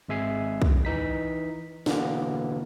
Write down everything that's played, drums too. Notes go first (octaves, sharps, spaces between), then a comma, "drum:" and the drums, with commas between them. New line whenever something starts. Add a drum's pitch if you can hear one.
G#1 G#3 E5 G#5 C7
drum: kick
E3 D#4 B6
B2 D3 E3 A#3 B3, drum: snare